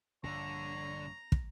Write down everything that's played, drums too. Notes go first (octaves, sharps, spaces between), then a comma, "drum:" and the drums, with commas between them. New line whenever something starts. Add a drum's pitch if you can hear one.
A#1 G2 D3 G3 C#5 A#5
drum: kick